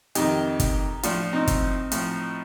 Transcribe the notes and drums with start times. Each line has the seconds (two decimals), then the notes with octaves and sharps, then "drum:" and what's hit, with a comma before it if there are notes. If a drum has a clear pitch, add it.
0.15 F2 C3 D#3 D#4 G4, drum: hi-hat
0.60 drum: kick, hi-hat
1.03 A2 F3 D4 F4, drum: hi-hat
1.33 C4 D#4
1.47 drum: kick, hi-hat
1.92 A2 F3, drum: hi-hat